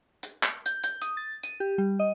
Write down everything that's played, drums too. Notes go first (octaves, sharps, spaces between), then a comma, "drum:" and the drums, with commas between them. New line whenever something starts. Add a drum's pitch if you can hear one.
drum: hi-hat
drum: clap
G6, drum: hi-hat
G6, drum: hi-hat
D#6, drum: hi-hat
A6
D#7, drum: hi-hat
G4
G3
D#5